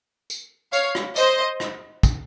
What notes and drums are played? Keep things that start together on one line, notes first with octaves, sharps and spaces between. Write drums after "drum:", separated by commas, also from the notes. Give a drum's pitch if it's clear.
drum: tambourine
C#5 F5, drum: tambourine
drum: rim click
C5 D#5, drum: tambourine
drum: rim click
drum: kick, tambourine